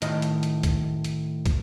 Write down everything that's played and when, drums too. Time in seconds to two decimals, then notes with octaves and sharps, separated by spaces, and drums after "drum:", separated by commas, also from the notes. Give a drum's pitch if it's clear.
0.02 A2 D#3 D#5, drum: hi-hat
0.22 drum: hi-hat
0.43 drum: hi-hat
0.63 drum: kick, hi-hat
1.04 drum: hi-hat
1.46 drum: kick, hi-hat